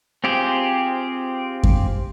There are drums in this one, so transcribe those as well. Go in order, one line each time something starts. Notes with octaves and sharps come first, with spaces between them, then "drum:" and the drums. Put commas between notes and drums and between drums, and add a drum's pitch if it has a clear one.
C4 F4 G4 G#4 C5
drum: kick F#2